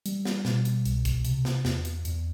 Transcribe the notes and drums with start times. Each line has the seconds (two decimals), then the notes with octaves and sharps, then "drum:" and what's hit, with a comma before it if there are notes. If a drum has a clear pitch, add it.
0.06 G3, drum: hi-hat
0.25 drum: snare
0.45 B2, drum: snare
0.65 drum: hi-hat
0.85 C2, drum: hi-hat
1.05 drum: kick, hi-hat
1.25 C3, drum: hi-hat
1.45 drum: snare
1.65 E2, drum: snare
1.85 drum: hi-hat
2.05 E2, drum: hi-hat